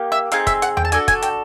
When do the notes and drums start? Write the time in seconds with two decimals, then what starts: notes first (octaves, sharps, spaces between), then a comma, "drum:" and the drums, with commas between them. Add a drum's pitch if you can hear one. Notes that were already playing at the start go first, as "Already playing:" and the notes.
Already playing: A#3 D#4 G4
0.12 E5
0.32 C4 D#4 G#4 F5, drum: hi-hat
0.47 E5, drum: kick, hi-hat
0.62 F#5, drum: hi-hat
0.77 G5, drum: tom E2
0.85 A5
0.92 D4 F#4 A4 G#5, drum: hi-hat
1.08 G#5, drum: kick, hi-hat
1.22 G5, drum: hi-hat